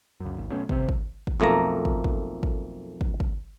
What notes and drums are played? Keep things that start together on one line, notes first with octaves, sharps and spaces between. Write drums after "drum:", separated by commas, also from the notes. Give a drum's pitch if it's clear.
C#2 F#2
G#1 D#2
B2 F#3 A3 C#4
D#1 C3 C4, drum: kick
drum: kick
drum: kick
B1 F2 A3 A#3 A#5
drum: kick
drum: kick
drum: kick
drum: kick
drum: kick